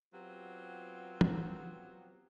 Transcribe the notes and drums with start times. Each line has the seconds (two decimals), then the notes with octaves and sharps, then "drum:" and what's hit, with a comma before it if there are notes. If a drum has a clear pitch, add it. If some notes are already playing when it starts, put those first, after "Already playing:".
0.12 F#3 B3 C4 F4 G4
1.21 drum: tom